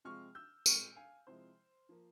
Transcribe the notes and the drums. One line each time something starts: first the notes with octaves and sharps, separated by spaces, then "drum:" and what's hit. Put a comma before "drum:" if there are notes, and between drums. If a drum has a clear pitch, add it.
C3 F3 G#3 C4 F4 C#6 F6
E6 G6
A#2 G#3 C4 C#6 F6, drum: tambourine
F5 G#5
C3 F3 G#3 E4 C5
F3 A#3